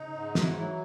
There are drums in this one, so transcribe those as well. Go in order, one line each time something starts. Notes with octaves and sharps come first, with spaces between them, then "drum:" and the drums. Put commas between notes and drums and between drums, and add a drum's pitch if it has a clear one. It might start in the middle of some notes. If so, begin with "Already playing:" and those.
Already playing: C#3 D#4
G#2
F#3, drum: snare
E3
D#3
E3 F#3